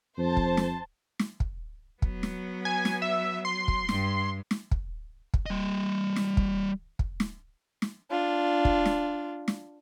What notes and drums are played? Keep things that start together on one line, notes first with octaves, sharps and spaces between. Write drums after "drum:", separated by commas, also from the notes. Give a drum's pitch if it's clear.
F2 C5 A5
drum: kick
drum: snare
drum: snare
drum: kick
F#3 B3, drum: kick
drum: snare
G#5
drum: snare
E5
C6
drum: kick
G2, drum: snare
drum: snare
drum: kick
drum: kick
G3 D#5
drum: snare
drum: kick
drum: kick
drum: snare
drum: snare
D4 F4
drum: kick
drum: snare
drum: snare